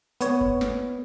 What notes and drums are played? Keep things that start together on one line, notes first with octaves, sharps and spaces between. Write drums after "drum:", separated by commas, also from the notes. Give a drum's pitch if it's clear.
B3 C#5, drum: hi-hat
drum: kick
drum: snare